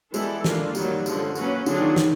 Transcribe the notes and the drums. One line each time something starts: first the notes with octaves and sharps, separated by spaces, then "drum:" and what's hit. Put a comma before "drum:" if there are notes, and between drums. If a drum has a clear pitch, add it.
E3 G3 G#3 B3 E4 A4, drum: tambourine
A#3 D4 F4, drum: snare
D#3 F#3 G3 A#3, drum: tambourine
D3 F3 G#3 C#4, drum: tambourine
F#3 A#3 C#4 F#4 B4, drum: tambourine
D3 F#3 B3 D4 F4 G#4, drum: tambourine
D#3
D#3, drum: snare